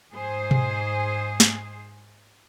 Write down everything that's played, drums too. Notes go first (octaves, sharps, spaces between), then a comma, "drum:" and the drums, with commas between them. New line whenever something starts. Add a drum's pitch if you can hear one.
G#2 G#4 C5
drum: tom B2
drum: snare